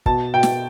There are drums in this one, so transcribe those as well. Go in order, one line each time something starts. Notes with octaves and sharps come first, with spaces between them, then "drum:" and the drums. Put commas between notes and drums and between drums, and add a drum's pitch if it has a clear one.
B2 A5, drum: kick
B2 G5
drum: snare